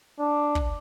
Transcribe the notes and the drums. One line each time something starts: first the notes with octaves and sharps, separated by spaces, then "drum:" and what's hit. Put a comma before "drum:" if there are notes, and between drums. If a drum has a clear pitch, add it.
D4
drum: kick